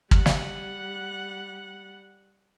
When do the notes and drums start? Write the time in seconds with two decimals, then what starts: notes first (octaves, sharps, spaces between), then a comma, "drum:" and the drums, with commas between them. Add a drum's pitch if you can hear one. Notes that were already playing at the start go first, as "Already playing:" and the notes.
0.11 G3 F#5, drum: kick
0.26 drum: snare